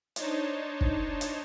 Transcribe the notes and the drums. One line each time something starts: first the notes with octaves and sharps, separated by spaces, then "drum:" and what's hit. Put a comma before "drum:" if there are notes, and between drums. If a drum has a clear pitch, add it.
D4 D#4 C5 C#5 A5, drum: hi-hat
drum: kick
drum: hi-hat